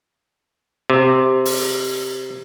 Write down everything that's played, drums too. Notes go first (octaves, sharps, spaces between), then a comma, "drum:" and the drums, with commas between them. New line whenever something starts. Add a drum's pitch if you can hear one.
C3
drum: open hi-hat